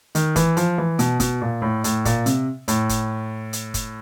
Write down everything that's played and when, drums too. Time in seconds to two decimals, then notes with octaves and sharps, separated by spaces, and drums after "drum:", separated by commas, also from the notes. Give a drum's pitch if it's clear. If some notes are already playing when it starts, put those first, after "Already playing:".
0.15 D#3, drum: hi-hat
0.36 E3, drum: kick F#1, hi-hat
0.57 F3, drum: hi-hat
0.78 E3
0.99 B2, drum: hi-hat
1.20 B2, drum: kick F#1, hi-hat
1.42 A#2
1.62 A2
1.84 A2, drum: hi-hat
2.05 A#2, drum: kick F#1, hi-hat
2.26 C3, drum: hi-hat
2.68 A2, drum: hi-hat
2.89 drum: kick F#1, hi-hat
3.53 drum: hi-hat
3.74 drum: kick F#1, hi-hat